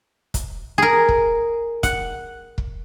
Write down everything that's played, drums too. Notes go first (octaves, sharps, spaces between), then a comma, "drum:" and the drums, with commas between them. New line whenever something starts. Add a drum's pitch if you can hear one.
drum: kick, hi-hat
G#4 A#4
drum: kick
F#5, drum: kick, hi-hat
drum: kick